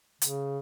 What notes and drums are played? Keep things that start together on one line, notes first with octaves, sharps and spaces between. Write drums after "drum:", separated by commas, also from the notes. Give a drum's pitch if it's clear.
C#3, drum: hi-hat